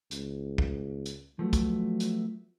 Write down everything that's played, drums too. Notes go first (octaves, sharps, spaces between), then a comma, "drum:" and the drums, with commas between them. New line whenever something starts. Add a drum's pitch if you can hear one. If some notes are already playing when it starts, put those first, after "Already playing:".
C#2, drum: hi-hat
drum: kick
drum: hi-hat
F3 F#3 A3 B3
drum: kick, hi-hat
drum: hi-hat